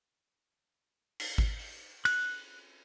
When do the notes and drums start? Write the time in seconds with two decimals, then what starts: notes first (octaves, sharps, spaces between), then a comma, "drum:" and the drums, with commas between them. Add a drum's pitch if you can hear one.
1.20 drum: cymbal
1.38 drum: kick G#1
1.59 drum: open hi-hat
2.05 F#6, drum: cymbal